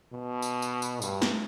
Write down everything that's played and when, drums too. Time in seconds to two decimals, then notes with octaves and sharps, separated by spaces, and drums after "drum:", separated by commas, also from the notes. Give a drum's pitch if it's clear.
0.13 B2
0.42 drum: tambourine
0.62 drum: tambourine
0.82 drum: tambourine
1.02 G2, drum: tambourine
1.22 drum: snare